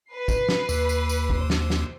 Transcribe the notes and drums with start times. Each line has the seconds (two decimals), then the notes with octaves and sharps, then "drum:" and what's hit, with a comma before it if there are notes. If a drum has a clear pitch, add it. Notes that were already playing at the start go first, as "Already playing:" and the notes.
0.11 B4 C7
0.28 drum: kick, tambourine
0.49 drum: snare
0.69 D#2, drum: tambourine
0.89 drum: tambourine
1.09 drum: tambourine
1.30 drum: kick
1.39 C5
1.50 drum: snare
1.70 drum: snare